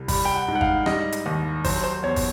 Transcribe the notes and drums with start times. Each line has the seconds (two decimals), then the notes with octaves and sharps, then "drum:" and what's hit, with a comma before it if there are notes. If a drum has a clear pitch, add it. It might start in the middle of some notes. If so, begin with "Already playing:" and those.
Already playing: C2
0.08 G3 B5, drum: kick, open hi-hat
0.25 G5
0.34 F#5
0.48 G#2
0.55 F#5
0.61 F5, drum: kick
0.86 G3 D#5, drum: rim click
1.12 drum: hi-hat
1.26 D#2
1.64 F#3 C5, drum: kick, open hi-hat
1.84 C5
2.03 E2 C#5
2.16 drum: kick, open hi-hat